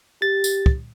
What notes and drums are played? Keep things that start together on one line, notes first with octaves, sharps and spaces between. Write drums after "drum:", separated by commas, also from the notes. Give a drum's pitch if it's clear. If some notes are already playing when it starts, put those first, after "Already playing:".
G4 A6
drum: tambourine
drum: kick